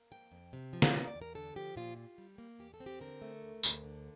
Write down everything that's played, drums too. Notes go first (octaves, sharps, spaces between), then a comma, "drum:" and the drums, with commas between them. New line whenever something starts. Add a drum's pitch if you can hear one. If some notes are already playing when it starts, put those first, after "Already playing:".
Already playing: A#3
F2 G5
F2
C3
F3
drum: snare
E2 F5
D5
E2
A#4
D3 A4
F3 G4
A#2 F4
F4
G3
A#3
E2 G4
A4
C4
G4
D3 A#4
A3
D2
D2, drum: tambourine
D3